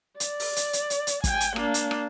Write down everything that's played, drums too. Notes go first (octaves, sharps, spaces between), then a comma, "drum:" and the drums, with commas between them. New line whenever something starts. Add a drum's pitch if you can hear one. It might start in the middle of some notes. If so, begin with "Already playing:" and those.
D5, drum: hi-hat
drum: open hi-hat
drum: hi-hat
drum: hi-hat
drum: hi-hat
drum: hi-hat
G5 G#5, drum: kick, hi-hat
drum: hi-hat
A#3 D4, drum: rim click
drum: hi-hat
drum: rim click